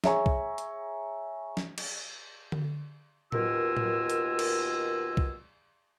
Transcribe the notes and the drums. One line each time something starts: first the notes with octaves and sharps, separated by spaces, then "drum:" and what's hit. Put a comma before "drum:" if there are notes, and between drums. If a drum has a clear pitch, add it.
G#4 C#5 E5 G#5 A#5 C#6, drum: snare
drum: kick C2
drum: hi-hat
drum: snare
drum: cymbal
drum: tom D3
D#2 B2 F4 A#4 G#5 E6, drum: tom A2
drum: tom A2
drum: hi-hat
drum: cymbal
drum: kick C2